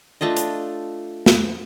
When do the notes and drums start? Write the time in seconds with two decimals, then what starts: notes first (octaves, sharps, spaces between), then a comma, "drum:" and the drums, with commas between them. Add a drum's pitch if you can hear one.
0.21 A3 D4 F4 D#5
0.37 drum: hi-hat
1.26 drum: snare